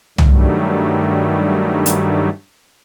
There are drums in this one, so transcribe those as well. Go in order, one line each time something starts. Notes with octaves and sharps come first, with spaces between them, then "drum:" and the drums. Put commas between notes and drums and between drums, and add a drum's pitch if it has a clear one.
G2 D#3 F#3 G3 A3, drum: tom C2
drum: hi-hat